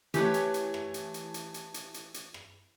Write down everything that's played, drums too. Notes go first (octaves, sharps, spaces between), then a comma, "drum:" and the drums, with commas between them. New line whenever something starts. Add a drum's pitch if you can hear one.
E3 A3 G4 B4 C#5, drum: hi-hat
drum: hi-hat
drum: hi-hat
drum: rim click
drum: hi-hat
drum: hi-hat
drum: hi-hat
drum: hi-hat
drum: hi-hat
drum: hi-hat
drum: hi-hat
drum: rim click